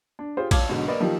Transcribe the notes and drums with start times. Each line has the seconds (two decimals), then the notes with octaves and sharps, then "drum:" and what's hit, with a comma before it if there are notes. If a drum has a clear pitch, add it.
0.19 D4
0.37 F4 G4 G#4 C5
0.51 C#5 F5 A5 D6 G#6, drum: kick, cymbal
0.69 G#2 B2 D3 F#3
0.87 A#3 A#4 B4 D5 D#5
1.00 D#3 F3 A#3 D#4 G4